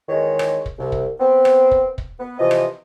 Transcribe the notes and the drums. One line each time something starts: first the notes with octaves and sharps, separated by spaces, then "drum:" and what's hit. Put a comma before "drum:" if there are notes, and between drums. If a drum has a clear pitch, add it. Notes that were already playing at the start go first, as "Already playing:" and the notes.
E2 D#3 G#3 C#5
drum: rim click
drum: kick
C2
drum: kick
B3 C4
drum: rim click
drum: kick
drum: kick
B3
C3 E3 F3 D#5
drum: rim click